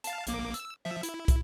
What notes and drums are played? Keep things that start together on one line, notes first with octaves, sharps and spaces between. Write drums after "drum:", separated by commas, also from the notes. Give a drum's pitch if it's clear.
F5 A5, drum: hi-hat
A#1 A#3 D6, drum: hi-hat
E6, drum: hi-hat
F3 E5
E4, drum: hi-hat
drum: kick, hi-hat